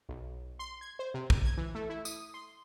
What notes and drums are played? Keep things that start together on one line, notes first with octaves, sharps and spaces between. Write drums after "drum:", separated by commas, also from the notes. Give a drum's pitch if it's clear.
B1
C6
G#6
C5
C3
A1, drum: kick
G#6
E3
A3
E4
D#6, drum: tambourine
C6